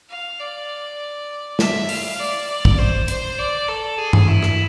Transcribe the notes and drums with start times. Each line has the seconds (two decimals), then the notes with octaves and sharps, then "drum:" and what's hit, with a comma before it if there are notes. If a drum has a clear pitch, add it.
0.10 F5
0.39 D5
1.59 E5, drum: snare
1.89 F5, drum: open hi-hat
2.19 D5
2.49 D5
2.65 drum: kick
2.78 C5
3.08 C5, drum: hi-hat
3.38 D5
3.68 A4
3.98 G#4
4.13 drum: tom
4.27 E4
4.43 drum: rim click